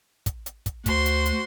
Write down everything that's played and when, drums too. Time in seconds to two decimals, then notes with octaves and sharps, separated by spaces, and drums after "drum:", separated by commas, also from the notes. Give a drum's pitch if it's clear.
0.26 drum: kick, hi-hat
0.46 drum: hi-hat
0.66 drum: kick, hi-hat
0.86 D2 F#4 C5 C6, drum: kick, hi-hat
1.06 drum: hi-hat
1.26 drum: hi-hat